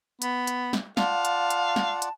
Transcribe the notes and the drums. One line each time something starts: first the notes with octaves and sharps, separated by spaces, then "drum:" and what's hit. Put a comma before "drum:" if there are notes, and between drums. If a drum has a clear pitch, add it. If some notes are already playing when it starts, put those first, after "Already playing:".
B3, drum: hi-hat
drum: hi-hat
drum: snare
F4 D5 F5 F#5 A5, drum: snare
drum: hi-hat
drum: hi-hat
drum: snare
drum: hi-hat